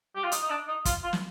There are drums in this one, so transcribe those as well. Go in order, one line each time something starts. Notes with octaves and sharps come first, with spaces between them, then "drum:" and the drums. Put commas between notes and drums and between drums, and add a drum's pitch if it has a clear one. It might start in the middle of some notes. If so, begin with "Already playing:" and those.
G4
F4
D#4, drum: hi-hat
D#4
D4
D#4
F4, drum: kick, hi-hat
F4
drum: snare